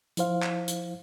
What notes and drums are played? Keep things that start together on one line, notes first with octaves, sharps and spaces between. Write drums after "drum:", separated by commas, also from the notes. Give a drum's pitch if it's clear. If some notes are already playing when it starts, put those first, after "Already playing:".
F3 E4 C5 F5, drum: hi-hat
drum: clap
drum: hi-hat